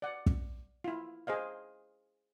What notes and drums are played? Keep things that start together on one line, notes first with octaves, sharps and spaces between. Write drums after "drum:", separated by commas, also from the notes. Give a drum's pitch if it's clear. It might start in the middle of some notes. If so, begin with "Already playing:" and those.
D5 F#5
drum: kick
E4 F4
G#4 C5 D#5 F5